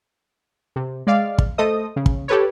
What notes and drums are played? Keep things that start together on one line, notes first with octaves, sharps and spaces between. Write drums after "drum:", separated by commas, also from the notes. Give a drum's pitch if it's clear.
C3
G#3 D5 F5
drum: kick
A3 A4 C5 D#5 D#6
C#3
drum: kick
G4 A4 B4 C#5